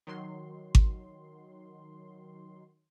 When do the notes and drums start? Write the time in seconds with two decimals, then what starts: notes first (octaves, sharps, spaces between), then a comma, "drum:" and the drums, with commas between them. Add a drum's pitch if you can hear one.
0.07 D#3 F#3 C6
0.75 drum: kick G#1